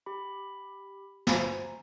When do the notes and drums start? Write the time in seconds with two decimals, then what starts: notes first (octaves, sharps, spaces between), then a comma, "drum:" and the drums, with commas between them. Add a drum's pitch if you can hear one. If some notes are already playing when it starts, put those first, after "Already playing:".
0.06 G4 B5
1.27 C5 G#5 A#5, drum: snare